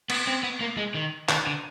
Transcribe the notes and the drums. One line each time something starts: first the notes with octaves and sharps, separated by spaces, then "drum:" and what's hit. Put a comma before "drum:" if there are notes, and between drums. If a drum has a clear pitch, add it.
B3, drum: cymbal
C4
B3
A#3
G#3
D#3
D#3, drum: clap
D3